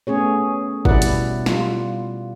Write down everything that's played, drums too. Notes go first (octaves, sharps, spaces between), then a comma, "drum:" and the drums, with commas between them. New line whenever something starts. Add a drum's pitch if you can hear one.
A3 B3 C#4 G#4 C#5
B2 G3 E4 B4 D5 F#5, drum: kick
drum: hi-hat
G3 F4, drum: snare